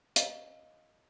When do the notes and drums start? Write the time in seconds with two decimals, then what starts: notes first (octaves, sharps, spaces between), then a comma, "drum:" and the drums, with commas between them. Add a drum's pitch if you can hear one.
0.16 D#5 F5, drum: hi-hat